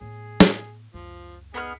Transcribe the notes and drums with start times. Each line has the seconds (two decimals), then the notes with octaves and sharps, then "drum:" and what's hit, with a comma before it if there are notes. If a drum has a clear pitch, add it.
0.01 A2 B3 G#4
0.40 drum: snare
0.94 C#2 F#2 F3
1.54 B3 D#4 G#4 G#5 B5 F6